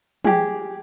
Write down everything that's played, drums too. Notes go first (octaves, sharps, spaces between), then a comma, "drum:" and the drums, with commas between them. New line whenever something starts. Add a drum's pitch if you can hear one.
G4 G#4, drum: tom